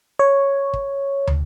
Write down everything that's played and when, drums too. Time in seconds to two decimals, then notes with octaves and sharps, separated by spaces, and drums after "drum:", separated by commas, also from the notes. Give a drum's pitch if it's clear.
0.19 C#5
0.73 drum: kick
1.28 drum: tom